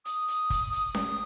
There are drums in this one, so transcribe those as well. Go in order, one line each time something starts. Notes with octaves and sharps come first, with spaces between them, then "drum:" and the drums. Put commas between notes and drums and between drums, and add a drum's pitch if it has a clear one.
D#6, drum: hi-hat
drum: hi-hat
drum: kick, hi-hat
drum: hi-hat
D#6, drum: snare C#4